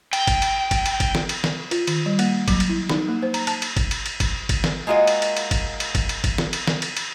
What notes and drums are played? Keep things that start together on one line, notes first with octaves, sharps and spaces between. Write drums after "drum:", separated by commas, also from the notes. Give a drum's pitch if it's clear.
G5, drum: cymbal
drum: kick G1, cymbal
drum: cymbal
drum: kick G1, cymbal
drum: cymbal
drum: kick G1, cymbal
drum: snare
drum: cymbal
drum: snare
F4, drum: cymbal
D#3, drum: cymbal
G3
A#3, drum: cymbal
F#3, drum: kick G1, cymbal
drum: cymbal
E4
D#4, drum: snare
A#3
C5
A#5, drum: cymbal
A5, drum: cymbal
drum: cymbal
drum: kick G1, cymbal
drum: cymbal
drum: cymbal
drum: kick G1, cymbal
drum: kick G1, cymbal
drum: snare
G#3 A#3 F4 F#4 D#5
drum: cymbal
drum: cymbal
drum: cymbal
drum: kick G1, cymbal
drum: cymbal
drum: kick G1, cymbal
drum: cymbal
drum: kick G1, cymbal
drum: snare
drum: cymbal
drum: snare
drum: cymbal
drum: cymbal